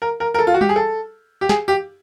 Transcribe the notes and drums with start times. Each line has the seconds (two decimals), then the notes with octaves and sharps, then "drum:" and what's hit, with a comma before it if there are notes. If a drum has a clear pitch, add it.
0.02 A#4
0.20 A#4
0.34 A#4
0.39 A4
0.47 F4
0.54 F#4
0.61 G4, drum: tom G3
0.69 G#4
0.76 A4
1.41 G4
1.49 G#4, drum: snare
1.68 G4